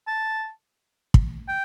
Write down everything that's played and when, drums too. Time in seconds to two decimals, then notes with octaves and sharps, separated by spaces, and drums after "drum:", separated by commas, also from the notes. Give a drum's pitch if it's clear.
0.07 A5
1.14 drum: kick
1.48 G5